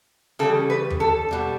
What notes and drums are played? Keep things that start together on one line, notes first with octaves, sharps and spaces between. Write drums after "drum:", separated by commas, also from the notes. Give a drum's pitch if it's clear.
C#3 E3 G3 A4
B4
drum: tom E2
A4
B2 G3